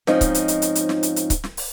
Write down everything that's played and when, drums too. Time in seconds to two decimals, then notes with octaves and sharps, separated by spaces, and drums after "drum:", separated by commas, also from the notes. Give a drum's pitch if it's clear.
0.07 G#2 F3 C4 C#4 D#4, drum: snare
0.21 drum: kick C#1, hi-hat
0.34 drum: hi-hat
0.48 drum: hi-hat
0.62 drum: hi-hat
0.75 drum: hi-hat
0.89 drum: snare
1.03 drum: hi-hat
1.16 drum: hi-hat
1.30 drum: kick C#1, hi-hat
1.44 drum: snare
1.57 drum: open hi-hat